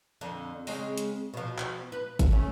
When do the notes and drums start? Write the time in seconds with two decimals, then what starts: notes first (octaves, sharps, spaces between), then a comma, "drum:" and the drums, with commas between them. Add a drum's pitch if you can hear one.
0.21 F2 D3
0.67 C#3 G#3 C4, drum: open hi-hat
0.98 drum: hi-hat
1.34 B2 F3
1.58 drum: clap
1.92 B4
2.19 drum: kick, hi-hat
2.31 A3 C#4